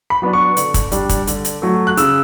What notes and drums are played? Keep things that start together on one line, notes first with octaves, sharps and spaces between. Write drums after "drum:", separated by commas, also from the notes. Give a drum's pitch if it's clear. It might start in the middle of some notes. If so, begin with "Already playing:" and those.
B5
F#3 B3 D4
C#6
D3, drum: hi-hat
drum: kick, hi-hat
G3 D4, drum: hi-hat
drum: kick, hi-hat
D3, drum: hi-hat
drum: hi-hat
F#3 A3
F#6
C#3 E6, drum: hi-hat